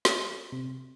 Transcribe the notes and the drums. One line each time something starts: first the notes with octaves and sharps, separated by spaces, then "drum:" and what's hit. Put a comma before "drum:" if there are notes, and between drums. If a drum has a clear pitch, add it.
D6, drum: snare
C3